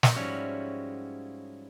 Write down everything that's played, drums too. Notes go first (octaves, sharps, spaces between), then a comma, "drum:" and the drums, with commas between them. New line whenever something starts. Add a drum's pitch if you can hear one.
drum: snare
G#2 F3 G3 C#4 E4 F#4